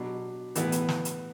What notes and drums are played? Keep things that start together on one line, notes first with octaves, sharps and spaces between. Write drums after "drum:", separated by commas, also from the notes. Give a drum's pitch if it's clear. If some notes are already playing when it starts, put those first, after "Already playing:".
Already playing: B2 F#3 D4
A2 E3 B3, drum: hi-hat
drum: hi-hat
drum: snare
drum: hi-hat